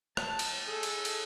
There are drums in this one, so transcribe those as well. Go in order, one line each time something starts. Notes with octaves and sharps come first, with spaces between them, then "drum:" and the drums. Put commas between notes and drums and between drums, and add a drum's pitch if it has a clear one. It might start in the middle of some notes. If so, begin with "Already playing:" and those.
A5, drum: rim click
drum: cymbal
G#4 A4
drum: cymbal
drum: cymbal